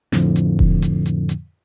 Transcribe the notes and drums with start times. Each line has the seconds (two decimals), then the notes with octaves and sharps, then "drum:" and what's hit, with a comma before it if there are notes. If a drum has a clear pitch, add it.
0.12 F2 A2 D3 F3, drum: snare
0.36 drum: hi-hat
0.59 drum: kick E1
0.82 drum: hi-hat
1.06 drum: hi-hat
1.29 drum: hi-hat